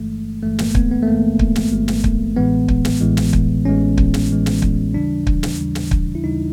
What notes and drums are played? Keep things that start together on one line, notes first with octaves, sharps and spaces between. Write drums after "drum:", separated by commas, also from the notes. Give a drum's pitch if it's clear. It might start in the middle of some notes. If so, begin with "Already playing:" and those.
Already playing: G1 G2 E3 G#3 A3
G1 G2 E3 G#3 A3
A#3, drum: snare
B3, drum: kick
B3
A3
G1 G2 E3 G#3 A#3
drum: kick
drum: snare
G1 G2 E3 G#3
drum: snare
drum: kick
A1 A2 E3 G#3 B3
drum: kick
drum: snare
A1 A2 E3 G#3
drum: snare
drum: kick
A1 A2 E3 G#3 C#4
drum: kick
drum: snare
A1 A2 E3 G#3
drum: snare
drum: kick
D#2 C#3 E3 G3 D4
drum: kick
drum: snare
D#2 C#3 E3 G3
drum: snare
drum: kick
E4
D#2 C#3 E3 G3 D#4